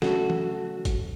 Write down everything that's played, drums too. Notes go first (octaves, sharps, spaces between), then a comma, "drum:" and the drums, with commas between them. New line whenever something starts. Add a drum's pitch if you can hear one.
C#3 F#3 A3 F#4 A4, drum: snare
drum: tom E3
drum: kick G1, hi-hat